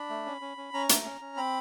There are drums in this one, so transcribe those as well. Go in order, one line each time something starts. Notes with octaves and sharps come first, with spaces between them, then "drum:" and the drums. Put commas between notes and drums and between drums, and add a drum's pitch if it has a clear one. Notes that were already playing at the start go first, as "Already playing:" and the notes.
Already playing: D4 B5
A3
C#4
C#4
C#4
C#4 A#5
A3, drum: hi-hat
C#4
C#4
C4 B5